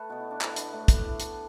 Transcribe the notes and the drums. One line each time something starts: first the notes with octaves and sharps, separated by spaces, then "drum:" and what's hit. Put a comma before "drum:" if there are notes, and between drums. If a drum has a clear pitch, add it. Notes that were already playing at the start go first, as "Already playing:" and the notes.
Already playing: A3 A4 B4
B2 B3 F#4
E4
D4
E4, drum: clap
D4, drum: hi-hat
A2 A3
drum: kick, hi-hat
E4
A4, drum: hi-hat